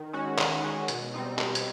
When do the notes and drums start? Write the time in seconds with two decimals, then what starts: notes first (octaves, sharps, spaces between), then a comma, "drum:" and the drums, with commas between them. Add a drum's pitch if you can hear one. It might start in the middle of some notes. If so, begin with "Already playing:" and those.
Already playing: D#3
0.13 G#3 C#4 F#4
0.38 D#3, drum: clap
0.63 G#3 C#4 F#4
0.88 B2, drum: hi-hat
1.14 G3 C4 D#4
1.39 B2, drum: clap
1.55 drum: hi-hat